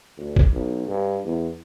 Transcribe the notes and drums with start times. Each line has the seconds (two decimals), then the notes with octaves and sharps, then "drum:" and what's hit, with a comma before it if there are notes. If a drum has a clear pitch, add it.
0.17 D2
0.36 drum: kick
0.53 B1
0.87 G2
1.25 E2